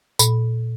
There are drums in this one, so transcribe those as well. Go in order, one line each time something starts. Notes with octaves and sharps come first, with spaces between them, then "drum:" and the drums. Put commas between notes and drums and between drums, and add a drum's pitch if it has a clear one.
A#2, drum: tambourine